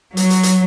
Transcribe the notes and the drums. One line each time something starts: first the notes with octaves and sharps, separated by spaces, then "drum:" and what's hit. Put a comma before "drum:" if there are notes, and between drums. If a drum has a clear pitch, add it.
F#3, drum: hi-hat
drum: hi-hat
drum: hi-hat